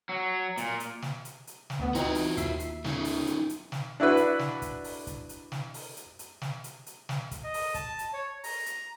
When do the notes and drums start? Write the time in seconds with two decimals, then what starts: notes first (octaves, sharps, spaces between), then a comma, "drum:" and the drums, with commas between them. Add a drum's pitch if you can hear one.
0.09 F#3
0.57 A#2, drum: hi-hat
0.80 drum: hi-hat
1.02 drum: snare
1.25 drum: hi-hat
1.47 drum: hi-hat
1.70 drum: snare
1.79 D2 B3
1.95 E3 C4 D#4 F4 F#4 A#5, drum: kick, hi-hat
2.15 drum: open hi-hat
2.37 D#2 E5 C7, drum: kick, hi-hat
2.60 drum: hi-hat
2.85 A3 C#4 D#4, drum: snare
3.05 drum: open hi-hat
3.27 drum: hi-hat
3.49 drum: hi-hat
3.72 drum: snare
4.00 D4 E4 F#4 B4
4.17 drum: hi-hat
4.39 drum: snare
4.62 drum: kick, hi-hat
4.84 drum: open hi-hat
5.07 drum: kick, hi-hat
5.29 drum: hi-hat
5.52 drum: snare
5.74 drum: open hi-hat
5.97 drum: hi-hat
6.19 drum: hi-hat
6.42 drum: snare
6.64 drum: hi-hat
6.86 drum: hi-hat
7.09 drum: snare
7.31 drum: kick, hi-hat
7.44 D#5
7.54 drum: open hi-hat
7.74 A5, drum: kick, hi-hat
7.99 drum: hi-hat
8.13 C#5
8.44 A#5, drum: open hi-hat
8.66 drum: hi-hat